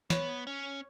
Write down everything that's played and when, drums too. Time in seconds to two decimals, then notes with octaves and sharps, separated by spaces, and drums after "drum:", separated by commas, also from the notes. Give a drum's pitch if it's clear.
0.10 B3 C#5, drum: snare
0.47 C#4